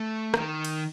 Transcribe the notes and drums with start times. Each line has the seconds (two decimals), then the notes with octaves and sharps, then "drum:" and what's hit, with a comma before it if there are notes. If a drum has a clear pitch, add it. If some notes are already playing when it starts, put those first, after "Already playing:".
Already playing: A3
0.34 D#3, drum: rim click
0.65 drum: cymbal